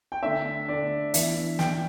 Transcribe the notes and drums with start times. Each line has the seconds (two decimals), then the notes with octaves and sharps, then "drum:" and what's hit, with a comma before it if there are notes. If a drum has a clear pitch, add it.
0.12 G5
0.23 D3 A3 D4 E5
0.68 D3 A3 D4 D5
1.14 E3 B3 D4 E5, drum: hi-hat
1.59 E3 B3 D4 G5, drum: snare